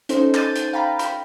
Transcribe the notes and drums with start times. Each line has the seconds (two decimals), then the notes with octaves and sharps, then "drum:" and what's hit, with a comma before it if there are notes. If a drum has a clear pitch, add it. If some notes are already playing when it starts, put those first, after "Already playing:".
0.09 C#4 D#4 A4 C5, drum: hi-hat
0.34 G6 A6 D#7, drum: clap
0.56 drum: hi-hat
0.73 F5 G5 A#5 B5
0.99 B5, drum: hi-hat